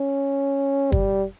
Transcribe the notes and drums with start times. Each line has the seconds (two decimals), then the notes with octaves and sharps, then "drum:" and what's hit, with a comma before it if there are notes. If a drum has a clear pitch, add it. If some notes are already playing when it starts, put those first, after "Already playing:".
Already playing: C#4
0.92 G3, drum: kick